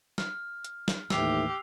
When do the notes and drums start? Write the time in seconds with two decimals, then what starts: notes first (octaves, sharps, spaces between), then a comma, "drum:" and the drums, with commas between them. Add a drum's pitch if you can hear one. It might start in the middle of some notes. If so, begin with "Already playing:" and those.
0.18 F6, drum: snare
0.65 drum: hi-hat
0.88 drum: snare
1.10 D#2 A2 E3 G4 E6 C7 F7, drum: snare